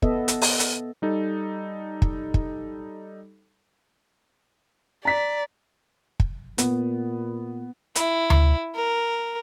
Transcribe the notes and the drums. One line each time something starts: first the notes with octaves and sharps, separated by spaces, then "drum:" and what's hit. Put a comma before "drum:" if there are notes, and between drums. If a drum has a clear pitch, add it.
B3 A4 D#5 E5, drum: kick
drum: hi-hat
drum: open hi-hat
drum: hi-hat
G3 D#4 A4
drum: kick
drum: kick
D5 A#5 B6
drum: kick
A#2 B3, drum: hi-hat
E4, drum: hi-hat
drum: tom D2
A#4